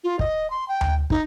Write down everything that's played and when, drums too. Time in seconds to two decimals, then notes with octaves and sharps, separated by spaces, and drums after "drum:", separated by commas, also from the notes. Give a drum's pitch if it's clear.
0.04 F4
0.19 D#5, drum: kick
0.50 C6
0.68 G5
0.81 drum: tom D2
1.10 D#4, drum: kick